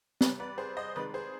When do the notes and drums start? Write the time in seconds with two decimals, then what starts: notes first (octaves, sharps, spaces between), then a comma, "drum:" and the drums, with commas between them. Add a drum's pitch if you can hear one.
0.21 C3 G3 B4 D5, drum: snare
0.40 B4 D5
0.58 G#4 C5
0.77 C5 D#5
0.96 C3 D#3 G#3 B4 D5
1.14 G#4 C5